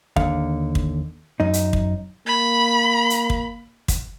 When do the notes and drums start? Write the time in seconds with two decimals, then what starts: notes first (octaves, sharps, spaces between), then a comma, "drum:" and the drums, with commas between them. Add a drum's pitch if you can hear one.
0.16 D#2 D3 F5, drum: kick
0.75 drum: kick
1.40 F#2 D#4
1.53 drum: hi-hat
1.73 drum: kick
2.27 A#3 B5
3.10 drum: hi-hat
3.30 drum: kick
3.88 drum: kick, hi-hat